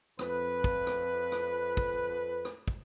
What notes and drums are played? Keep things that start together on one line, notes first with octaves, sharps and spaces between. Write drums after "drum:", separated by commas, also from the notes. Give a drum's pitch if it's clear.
F2 B4, drum: rim click
drum: kick
drum: rim click
drum: rim click
drum: kick
drum: rim click
drum: kick